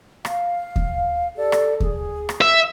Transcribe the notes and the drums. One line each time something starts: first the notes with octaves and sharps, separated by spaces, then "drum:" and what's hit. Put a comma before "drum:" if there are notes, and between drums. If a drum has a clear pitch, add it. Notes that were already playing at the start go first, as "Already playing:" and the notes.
F5, drum: rim click
drum: kick D#2
G4 A4 D5
drum: rim click
G#4, drum: kick D#2
drum: rim click
E5